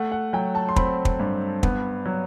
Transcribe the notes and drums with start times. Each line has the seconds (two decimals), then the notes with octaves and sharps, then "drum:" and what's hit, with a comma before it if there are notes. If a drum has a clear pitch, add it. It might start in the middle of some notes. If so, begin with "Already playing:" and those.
Already playing: A3 F#5
0.12 F#5
0.33 F#3 G5
0.55 A5
0.69 C6
0.76 C4 B5, drum: kick
1.05 drum: kick
1.20 G2
1.63 B3, drum: kick
2.06 F#3